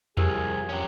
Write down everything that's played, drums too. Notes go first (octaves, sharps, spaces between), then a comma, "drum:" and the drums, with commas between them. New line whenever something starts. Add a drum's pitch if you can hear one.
C2 F2 E4 G4 G#4 A#4, drum: tom E2
F#3 C#4 G4